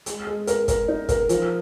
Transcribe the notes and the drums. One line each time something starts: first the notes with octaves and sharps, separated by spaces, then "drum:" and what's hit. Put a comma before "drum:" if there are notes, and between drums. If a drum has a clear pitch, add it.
G#3, drum: hi-hat
G#3
A#4, drum: hi-hat
A#4, drum: kick, hi-hat
D#4
A#4, drum: kick, hi-hat
F3, drum: hi-hat